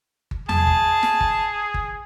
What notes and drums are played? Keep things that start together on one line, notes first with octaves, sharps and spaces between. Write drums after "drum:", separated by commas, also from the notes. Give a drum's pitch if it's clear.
drum: kick G1
G#4 A5, drum: tom E2
drum: kick G1
drum: snare
drum: kick G1
drum: kick G1